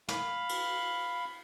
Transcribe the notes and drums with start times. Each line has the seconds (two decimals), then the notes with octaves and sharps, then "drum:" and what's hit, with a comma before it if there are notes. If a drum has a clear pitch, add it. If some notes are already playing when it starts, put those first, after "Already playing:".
0.08 F5 B5, drum: snare
0.49 drum: cymbal